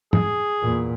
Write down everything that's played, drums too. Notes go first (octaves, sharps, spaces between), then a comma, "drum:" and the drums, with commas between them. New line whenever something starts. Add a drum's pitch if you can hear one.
G#4, drum: tom
E2 A#2